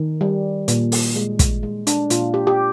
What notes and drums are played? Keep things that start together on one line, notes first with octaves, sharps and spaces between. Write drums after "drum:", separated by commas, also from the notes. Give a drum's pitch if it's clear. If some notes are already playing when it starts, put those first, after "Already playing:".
Already playing: D#3
G3
A#2, drum: hi-hat
drum: open hi-hat
G#3
drum: kick, hi-hat
G#3
D4, drum: hi-hat
A#2 F4, drum: hi-hat
G4
G4